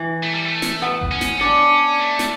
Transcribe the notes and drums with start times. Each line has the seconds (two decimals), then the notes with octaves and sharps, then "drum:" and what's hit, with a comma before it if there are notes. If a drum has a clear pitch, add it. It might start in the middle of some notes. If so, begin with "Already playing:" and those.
Already playing: E3
0.23 A3
0.34 G3
0.46 A3
0.62 drum: snare
0.82 B3
1.01 drum: kick G1
1.11 C#4
1.21 drum: snare
1.40 C#4 D4
1.99 A3
2.19 drum: snare